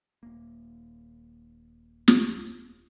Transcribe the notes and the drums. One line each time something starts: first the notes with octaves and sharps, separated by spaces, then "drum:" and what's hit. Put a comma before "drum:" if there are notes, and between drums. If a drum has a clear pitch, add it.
D#1 A#3
drum: snare